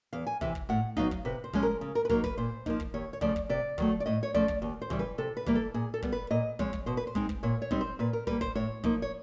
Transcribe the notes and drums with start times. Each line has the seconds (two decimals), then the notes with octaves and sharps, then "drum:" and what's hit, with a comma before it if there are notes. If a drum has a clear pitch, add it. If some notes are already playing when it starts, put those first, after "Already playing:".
0.13 E2 F5
0.27 G#5
0.41 C3 E3 E5, drum: kick
0.55 drum: kick
0.69 A2 F#5
0.97 F#3 B3 D#4 F5, drum: kick
1.11 drum: kick
1.25 C3 B4
1.44 C5
1.53 F3 G#3 C#4, drum: kick
1.63 A#4
1.81 C#3
1.95 A#4
2.05 B4
2.09 F#3 A#3 D#4 A#4, drum: kick
2.24 B4, drum: kick
2.37 A#2 C5
2.66 F3 A#3 D#4, drum: kick
2.80 drum: kick
2.94 D#2 C#5
3.13 C#5
3.21 C#3 F3 A3 D5, drum: kick
3.36 drum: kick
3.49 C3 D5
3.78 D#3 F#3 A3, drum: kick
4.00 D5
4.06 A2 D#5
4.23 C#5
4.34 F3 A3 C#4 D5, drum: kick
4.48 drum: kick
4.62 D#2
4.82 C5
4.90 C#3 E3 G3, drum: kick
4.99 B4
5.18 C3 A4
5.37 B4
5.46 E3 G3 A#3, drum: kick
5.55 A4
5.74 A#2 G#4
5.94 A4
6.02 G3 B3, drum: kick
6.12 B4
6.31 A#2 D#5
6.59 F3 G#3 C4 C#5, drum: kick
6.73 drum: kick
6.86 B2 C5
6.97 B4
7.07 C5
7.15 G#3 C4 D#4, drum: kick
7.29 drum: kick
7.43 A#2 C#5
7.62 C#5
7.71 G3 C4 D#4, drum: kick
7.81 C5
7.99 A#2 B4
8.13 A#4
8.27 G3 A#3 B4, drum: kick
8.41 C5, drum: kick
8.55 A2 C#5
8.84 F3 A#3 D#4, drum: kick
9.02 C#5